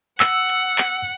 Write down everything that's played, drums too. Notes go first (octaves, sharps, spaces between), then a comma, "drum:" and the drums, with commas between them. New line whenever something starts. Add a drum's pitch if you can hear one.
F#5 E6, drum: clap
drum: hi-hat
drum: clap